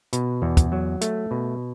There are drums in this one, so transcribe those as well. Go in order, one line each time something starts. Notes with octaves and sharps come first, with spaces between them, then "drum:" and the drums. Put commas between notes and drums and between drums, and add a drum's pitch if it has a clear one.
B2, drum: hi-hat
E2
drum: kick, hi-hat
F#3
A3, drum: hi-hat
B2